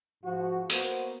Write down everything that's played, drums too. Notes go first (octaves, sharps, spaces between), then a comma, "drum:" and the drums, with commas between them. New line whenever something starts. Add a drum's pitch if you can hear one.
G#2 F3 F#4
A#3 B3 F#4 A#4 C5, drum: hi-hat